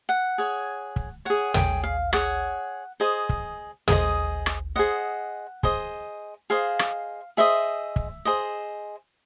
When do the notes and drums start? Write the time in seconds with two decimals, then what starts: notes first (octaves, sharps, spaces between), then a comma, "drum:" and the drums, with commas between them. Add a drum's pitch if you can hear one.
0.09 F#5
0.38 G#4 C#5
0.96 drum: kick
1.25 G#4 C#5 F#5
1.54 G5, drum: tom
1.84 F5
2.13 G#4 C#5 F#5, drum: rim click
3.00 G#4 C5 D#5
3.29 drum: kick
3.88 G#4 C5 D#5, drum: tom
4.46 drum: rim click
4.76 G#4 C5 D#5 F#5
5.63 G#4 C5 D#5, drum: kick
6.50 G#4 C5 D#5 F5
6.79 drum: rim click
7.37 G#4 C5 D#5 E5
7.96 drum: kick
8.25 G#4 C5 D#5